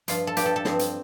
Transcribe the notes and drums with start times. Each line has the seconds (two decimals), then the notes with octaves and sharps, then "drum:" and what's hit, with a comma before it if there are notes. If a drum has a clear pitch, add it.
0.08 G2 F3 F4, drum: hi-hat
0.27 A4
0.37 G2 F3 G4, drum: hi-hat
0.46 A4
0.56 A4
0.65 G2 F3 C4, drum: snare
0.79 drum: hi-hat